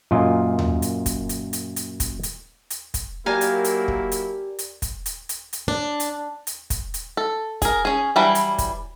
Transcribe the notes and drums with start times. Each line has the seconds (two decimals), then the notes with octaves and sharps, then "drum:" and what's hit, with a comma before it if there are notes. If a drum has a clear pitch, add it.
0.11 F#2 A#2 F4 D#5 G#5
0.59 drum: tom D#2
0.82 drum: hi-hat
1.06 drum: kick, hi-hat
1.29 drum: hi-hat
1.53 drum: hi-hat
1.76 drum: hi-hat
2.00 drum: kick, hi-hat
2.23 drum: hi-hat
2.70 drum: hi-hat
2.94 drum: kick, hi-hat
3.26 F#3 A#3 E4 G4 A#4 D5 F5 G#5
3.41 drum: hi-hat
3.64 drum: hi-hat
3.88 drum: kick
4.12 drum: hi-hat
4.59 drum: hi-hat
4.82 drum: kick, hi-hat
5.06 drum: hi-hat
5.29 drum: hi-hat
5.53 drum: hi-hat
5.68 D4
6.00 drum: hi-hat
6.47 drum: hi-hat
6.70 drum: kick, hi-hat
6.94 drum: hi-hat
7.17 A4
7.62 G#4 A#4, drum: kick, hi-hat
7.85 C#4 G#4
8.16 E3 F#3 G3 D4 E4
8.35 drum: hi-hat
8.58 drum: kick, hi-hat